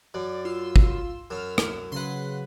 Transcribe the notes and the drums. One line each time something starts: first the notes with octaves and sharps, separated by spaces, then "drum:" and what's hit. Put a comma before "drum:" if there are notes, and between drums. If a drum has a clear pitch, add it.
F#2 D5
F4 C6 E6
drum: kick
F#2 E6 F6
drum: rim click
C#3 F#3 B4 F#5 C6